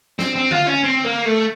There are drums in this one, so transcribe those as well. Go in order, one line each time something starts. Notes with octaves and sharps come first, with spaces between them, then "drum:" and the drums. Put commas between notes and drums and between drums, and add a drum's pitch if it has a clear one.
C4, drum: snare
C4
F4, drum: tom D3
C#4
C4
A#3
A3